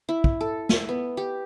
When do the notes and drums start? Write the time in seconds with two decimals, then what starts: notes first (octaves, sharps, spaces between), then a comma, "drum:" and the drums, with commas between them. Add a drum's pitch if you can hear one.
0.09 E4
0.24 drum: kick
0.41 A4
0.69 E5, drum: snare
0.89 B3
1.17 G4